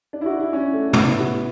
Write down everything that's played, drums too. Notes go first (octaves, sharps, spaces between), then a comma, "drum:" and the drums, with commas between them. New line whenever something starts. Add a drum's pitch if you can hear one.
D4
E4
F#4
E4
C#4
A3
B3, drum: tom
E4
F#4